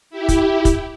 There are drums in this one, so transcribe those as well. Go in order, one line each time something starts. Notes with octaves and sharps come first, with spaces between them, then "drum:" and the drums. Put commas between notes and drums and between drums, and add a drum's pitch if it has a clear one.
E4 G4
drum: kick, hi-hat
drum: kick, hi-hat